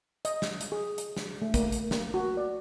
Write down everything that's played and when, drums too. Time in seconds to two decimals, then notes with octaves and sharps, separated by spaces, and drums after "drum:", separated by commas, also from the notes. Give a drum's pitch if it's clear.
0.25 D#5, drum: hi-hat
0.42 drum: snare
0.61 drum: hi-hat
0.72 G#4
0.98 drum: hi-hat
1.17 drum: snare
1.42 A3
1.54 A#3, drum: kick, hi-hat
1.72 drum: hi-hat
1.91 A#3, drum: snare
2.14 F#4
2.37 D5